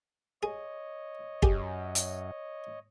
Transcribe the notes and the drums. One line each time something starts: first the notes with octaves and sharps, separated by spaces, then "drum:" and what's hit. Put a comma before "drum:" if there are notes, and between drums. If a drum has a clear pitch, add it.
G#4 C#5 D#5
F#2 G4 G#4, drum: kick
drum: hi-hat